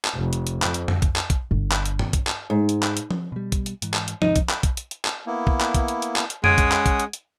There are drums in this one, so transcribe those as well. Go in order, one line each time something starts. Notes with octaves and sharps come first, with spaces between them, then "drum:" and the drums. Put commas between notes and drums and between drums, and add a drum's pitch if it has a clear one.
drum: clap
F1
drum: hi-hat
drum: hi-hat
F2, drum: clap
drum: hi-hat
drum: tom
drum: kick, hi-hat
drum: clap
drum: kick, hi-hat
G1
drum: clap
drum: hi-hat
drum: tom G2
drum: kick, hi-hat
drum: clap
G#2
drum: hi-hat
drum: clap
drum: hi-hat
drum: tom F3
B2 G3
drum: kick, hi-hat
drum: hi-hat
G#2 E3, drum: hi-hat
drum: clap
drum: hi-hat
D#2 G#2 C3 D#4, drum: tom F3
drum: kick, hi-hat
drum: clap
drum: kick, hi-hat
drum: hi-hat
drum: hi-hat
drum: clap
A#3 B3 E4
drum: kick
drum: clap
drum: kick, hi-hat
drum: hi-hat
drum: hi-hat
drum: clap
drum: hi-hat
G#3 C#4 F#5 D#6 G#6 D7 D#7, drum: tom
drum: kick, hi-hat
drum: clap
drum: kick, hi-hat
drum: hi-hat
drum: hi-hat